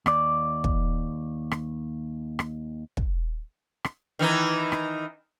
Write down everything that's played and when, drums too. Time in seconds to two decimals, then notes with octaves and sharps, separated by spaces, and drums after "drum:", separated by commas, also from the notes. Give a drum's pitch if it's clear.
0.06 D#2 D5, drum: rim click
0.64 drum: kick
1.51 drum: rim click
2.39 drum: rim click
2.97 drum: kick
3.84 drum: rim click
4.19 D#3 E3 D#4
4.72 drum: rim click